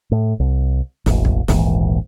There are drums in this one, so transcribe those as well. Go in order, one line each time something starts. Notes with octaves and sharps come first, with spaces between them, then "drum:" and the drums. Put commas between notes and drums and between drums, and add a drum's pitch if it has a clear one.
A2
C2
E1 A1, drum: snare
drum: kick
D#1 A#1 G#2 E3, drum: snare